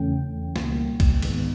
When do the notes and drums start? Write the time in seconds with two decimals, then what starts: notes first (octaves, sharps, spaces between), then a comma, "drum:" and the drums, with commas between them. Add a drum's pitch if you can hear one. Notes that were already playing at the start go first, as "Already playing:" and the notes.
Already playing: E2 C#3 E3 A3 C#4 G5
0.56 C#2 B2 G3 A#3, drum: snare
1.00 drum: kick, cymbal
1.22 G#2 D#3 G#3 B3, drum: cymbal